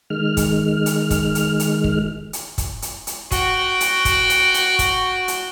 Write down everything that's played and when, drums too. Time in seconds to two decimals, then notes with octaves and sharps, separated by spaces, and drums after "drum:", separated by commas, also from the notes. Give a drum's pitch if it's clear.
0.10 D#3 G#3 F6
0.37 drum: kick, hi-hat
0.86 drum: hi-hat
1.10 drum: kick, hi-hat
1.35 drum: hi-hat
1.60 drum: hi-hat
1.84 drum: kick
2.33 drum: hi-hat
2.58 drum: kick, hi-hat
2.82 drum: hi-hat
3.07 drum: hi-hat
3.31 F#4 G5, drum: kick, hi-hat
3.81 drum: hi-hat
4.05 drum: kick, hi-hat
4.30 drum: hi-hat
4.54 drum: hi-hat
4.79 drum: kick, hi-hat
5.28 drum: hi-hat